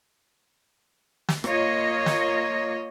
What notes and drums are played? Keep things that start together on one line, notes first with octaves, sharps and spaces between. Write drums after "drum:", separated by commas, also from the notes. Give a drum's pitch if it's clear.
drum: snare
A#3 F4 C#5 D#5, drum: rim click
drum: snare